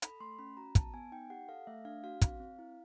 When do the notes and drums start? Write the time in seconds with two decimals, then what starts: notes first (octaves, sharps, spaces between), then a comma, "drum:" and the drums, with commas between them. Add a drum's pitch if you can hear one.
0.02 A4 B5, drum: hi-hat
0.20 A3 C6
0.39 C#4 B5
0.57 F#4 A#5
0.75 B3 A5, drum: kick, hi-hat
0.94 B3 G#5
1.12 D#4 G5
1.30 G4 F#5
1.49 A4 F5
1.67 A3 E5
1.85 D4 F5
2.04 F#4 F5
2.22 C4, drum: kick, hi-hat
2.40 C4
2.59 E4